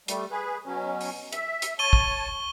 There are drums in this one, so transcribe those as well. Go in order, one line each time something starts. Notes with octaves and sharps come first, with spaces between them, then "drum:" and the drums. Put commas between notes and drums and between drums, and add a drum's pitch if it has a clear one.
G3 A3, drum: hi-hat
G#4 B4
B2 F#3 C#4
drum: open hi-hat
E5, drum: hi-hat
drum: hi-hat
C#5 A5 C#6 D#7 G7
drum: kick